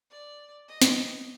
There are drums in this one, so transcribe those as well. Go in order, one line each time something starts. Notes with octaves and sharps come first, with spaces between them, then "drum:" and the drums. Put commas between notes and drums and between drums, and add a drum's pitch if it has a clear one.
D5
D#5
drum: snare